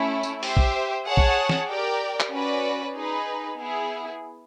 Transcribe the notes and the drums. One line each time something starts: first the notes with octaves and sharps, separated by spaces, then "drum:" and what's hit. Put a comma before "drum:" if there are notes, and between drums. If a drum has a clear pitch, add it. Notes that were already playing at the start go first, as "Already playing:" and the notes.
Already playing: A3 C#4 E4
drum: tambourine
G4 C5 E5, drum: open hi-hat
drum: kick
G#4 C#5 F#5 A5
drum: kick
drum: snare
G4 A#4 D5 G5
drum: clap
C#4 F#4 B4 D5
D#4 G#4 B4
B3 E4 G#4